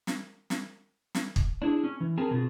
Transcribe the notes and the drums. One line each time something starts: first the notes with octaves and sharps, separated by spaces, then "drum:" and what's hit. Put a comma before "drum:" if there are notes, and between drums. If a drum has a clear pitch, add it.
drum: snare
drum: snare
drum: snare
drum: kick
D4 E4 G#4
C#4
E3
C4 G#4 A#4 B4 A5
B2 A3 C4 F4 G#4